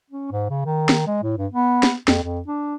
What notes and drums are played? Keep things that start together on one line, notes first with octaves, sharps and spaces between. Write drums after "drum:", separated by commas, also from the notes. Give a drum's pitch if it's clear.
C#4
G#2
C#3
D#3
drum: snare
G#3
A2
G2
B3
drum: snare
F2, drum: snare
F2
D4